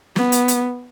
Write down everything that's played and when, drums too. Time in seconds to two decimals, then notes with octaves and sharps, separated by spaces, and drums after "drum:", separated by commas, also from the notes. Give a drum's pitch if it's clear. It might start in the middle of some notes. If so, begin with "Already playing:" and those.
0.16 B3, drum: snare
0.32 drum: hi-hat
0.48 drum: hi-hat